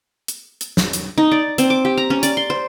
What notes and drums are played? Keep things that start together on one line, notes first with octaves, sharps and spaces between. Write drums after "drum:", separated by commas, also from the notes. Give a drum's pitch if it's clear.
drum: hi-hat
drum: hi-hat
drum: snare
drum: hi-hat
D#4
D5
C4, drum: hi-hat
D6
G4
A#5
C#4
D5, drum: hi-hat
C6
C5